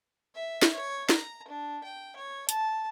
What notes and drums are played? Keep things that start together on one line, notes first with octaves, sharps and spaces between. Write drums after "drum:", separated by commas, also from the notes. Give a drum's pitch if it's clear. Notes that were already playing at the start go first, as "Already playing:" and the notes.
E5
drum: snare
C#5
A#5, drum: snare
D4
G5
C#5
A5, drum: hi-hat